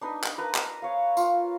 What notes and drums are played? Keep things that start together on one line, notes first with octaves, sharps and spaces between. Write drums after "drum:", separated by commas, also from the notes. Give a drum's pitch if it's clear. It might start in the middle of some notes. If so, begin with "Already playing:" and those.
D4 D#4 B4
drum: clap
A#4 B4 A#5
drum: clap
C#5 F5
F4, drum: tambourine